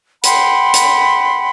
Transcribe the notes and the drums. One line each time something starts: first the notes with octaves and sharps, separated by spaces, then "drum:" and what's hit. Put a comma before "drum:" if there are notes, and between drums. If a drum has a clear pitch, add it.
F#5 G5 B5 C6, drum: hi-hat
drum: hi-hat